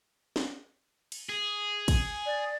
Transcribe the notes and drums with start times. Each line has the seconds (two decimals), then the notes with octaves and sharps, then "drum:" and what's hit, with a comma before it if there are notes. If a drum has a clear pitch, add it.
0.36 drum: snare
1.12 drum: cymbal
1.29 G#4
1.88 drum: kick, cymbal
2.26 D5